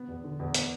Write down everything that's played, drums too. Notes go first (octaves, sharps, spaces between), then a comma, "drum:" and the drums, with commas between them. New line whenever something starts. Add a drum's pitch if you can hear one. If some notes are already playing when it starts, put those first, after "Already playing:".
Already playing: B3
E2
D3
E2
B3, drum: hi-hat